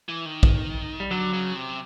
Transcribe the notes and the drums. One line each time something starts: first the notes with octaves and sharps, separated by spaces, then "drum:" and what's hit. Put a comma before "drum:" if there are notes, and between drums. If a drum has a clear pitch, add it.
E3
D#3
drum: kick
G3
D3 F#3
C#3
C3